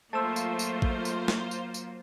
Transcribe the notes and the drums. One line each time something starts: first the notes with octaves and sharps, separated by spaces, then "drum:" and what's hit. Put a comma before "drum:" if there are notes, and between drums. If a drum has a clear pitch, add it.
F#3 A3 A#3 F4 C5 A5 E6
drum: tambourine
drum: tambourine
drum: kick A1
drum: tambourine
drum: snare
drum: tambourine
drum: tambourine